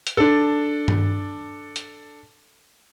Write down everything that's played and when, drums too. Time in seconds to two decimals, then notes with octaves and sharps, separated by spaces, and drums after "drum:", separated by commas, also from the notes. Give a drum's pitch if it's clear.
0.07 drum: hi-hat
0.17 D4 A4
0.88 drum: tom G2
1.76 drum: hi-hat